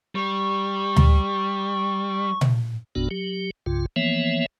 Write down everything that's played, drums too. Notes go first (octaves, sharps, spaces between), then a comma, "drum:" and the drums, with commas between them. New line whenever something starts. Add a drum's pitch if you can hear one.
G3 C#6
drum: tom D2
drum: tom A#2
G1 E2 A#2 B3 D4 F#4
F#3 G4
C2 G2 C#3 F4
E3 F3 A#3 B3 C#5 E5